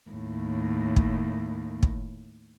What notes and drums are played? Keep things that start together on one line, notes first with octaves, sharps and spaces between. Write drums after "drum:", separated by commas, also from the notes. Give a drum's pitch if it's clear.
D#2 A2
drum: kick
drum: kick